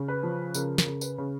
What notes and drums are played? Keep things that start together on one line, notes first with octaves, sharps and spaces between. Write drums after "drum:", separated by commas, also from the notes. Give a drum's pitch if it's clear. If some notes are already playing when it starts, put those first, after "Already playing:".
Already playing: C#3
B4
F3
C#3 A#4, drum: tambourine
A#4, drum: snare
C#3
B4, drum: tambourine
C#3